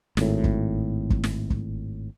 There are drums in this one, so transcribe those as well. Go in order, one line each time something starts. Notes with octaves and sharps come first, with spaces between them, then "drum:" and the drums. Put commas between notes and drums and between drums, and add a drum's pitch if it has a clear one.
G#1 A2, drum: snare
drum: kick
drum: kick
drum: snare
drum: kick